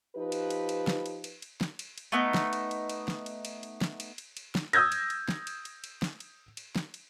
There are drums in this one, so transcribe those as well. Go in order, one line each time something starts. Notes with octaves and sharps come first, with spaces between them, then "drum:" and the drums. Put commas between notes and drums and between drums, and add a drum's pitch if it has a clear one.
F3 D#4 G4 B4
drum: cymbal
drum: cymbal
drum: cymbal
drum: snare
drum: cymbal
drum: cymbal
drum: cymbal
drum: snare
drum: cymbal
drum: cymbal
A3 B3 D#4
drum: snare
drum: cymbal
drum: cymbal
drum: cymbal
drum: snare
drum: cymbal
drum: cymbal
drum: cymbal
drum: snare
drum: cymbal
drum: cymbal
drum: cymbal
drum: snare
D#6 E6 G6 G#6 A#6, drum: cymbal
drum: cymbal
drum: cymbal
drum: snare
drum: cymbal
drum: cymbal
drum: cymbal
drum: snare
drum: cymbal
drum: cymbal
drum: snare
drum: cymbal